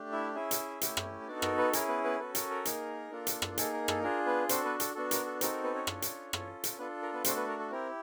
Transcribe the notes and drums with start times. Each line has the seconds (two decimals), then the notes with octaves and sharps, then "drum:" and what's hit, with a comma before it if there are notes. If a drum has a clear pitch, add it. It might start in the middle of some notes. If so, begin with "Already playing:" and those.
Already playing: A3 D4 G4
0.12 E4 E5
0.35 C#4 E4 G#4 E5
0.51 drum: hi-hat
0.81 A3 C#4 E4 G4, drum: hi-hat
0.97 drum: rim click
1.27 B3 D4 D#4 F#4 A4 D5
1.42 A#4, drum: rim click
1.58 B3 B4
1.73 C#4 E4 G#4 A#4, drum: hi-hat
1.88 B3 B4
2.04 B3 B4
2.19 B3 C#4 F#4 A4 B4
2.35 A#4, drum: hi-hat
2.50 A#4
2.65 A#3 D#4 G#4, drum: hi-hat
3.11 A#3 D4 F4 A4
3.27 drum: hi-hat
3.42 drum: rim click
3.58 A#3 D#4 G#4 A4, drum: hi-hat
3.73 A#4
3.88 A4, drum: rim click
4.03 D4 F4 G#4 A#4
4.26 B3 B4
4.49 C4 D4 F#4 A4 C5, drum: hi-hat
4.64 B3 B4
4.80 A4, drum: hi-hat
4.95 B3 D4 F#4 A4
5.11 A#4, drum: hi-hat
5.26 A4
5.41 C4 D#4 F#4 A4 A#4, drum: hi-hat
5.52 A#4
5.63 B3 B4
5.75 C#4 C#5
5.87 D4 F4 A4, drum: rim click
6.02 drum: hi-hat
6.33 C#4 F4 A4, drum: rim click
6.64 drum: hi-hat
6.78 B3 D4 F4 A4 B4
7.02 A#4
7.13 B3 B4
7.24 A3 C4 D4 F#4 A4 C5, drum: hi-hat
7.36 B3 B4
7.48 A#4
7.59 A4
7.71 C4 E4 G4 A#4